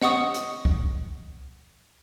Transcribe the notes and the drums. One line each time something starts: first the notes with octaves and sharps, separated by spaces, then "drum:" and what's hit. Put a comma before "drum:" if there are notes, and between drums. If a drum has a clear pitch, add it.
D#5 F#5 C#6 D#6, drum: snare
drum: hi-hat
drum: kick